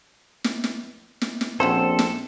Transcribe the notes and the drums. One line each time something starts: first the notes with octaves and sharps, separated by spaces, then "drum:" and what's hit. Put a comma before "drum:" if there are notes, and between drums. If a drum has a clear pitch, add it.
drum: snare
drum: snare
drum: snare
drum: snare
A#1 C4 C#4 F#4 A4 C5
drum: snare